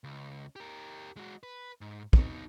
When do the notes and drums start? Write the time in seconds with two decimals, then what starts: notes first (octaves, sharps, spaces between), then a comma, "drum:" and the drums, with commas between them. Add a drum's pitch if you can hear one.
0.04 C#2
0.56 G4 A#4
1.17 G#3 F#4
1.43 B4
1.81 G#2
2.13 B3 D#4, drum: kick